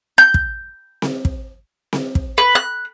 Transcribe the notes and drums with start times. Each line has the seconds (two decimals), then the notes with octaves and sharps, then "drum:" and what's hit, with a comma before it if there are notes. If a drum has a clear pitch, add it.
0.18 G6
0.34 drum: kick
1.02 drum: snare C4
1.25 drum: kick
1.93 drum: snare C4
2.15 drum: kick
2.38 B4
2.55 F#6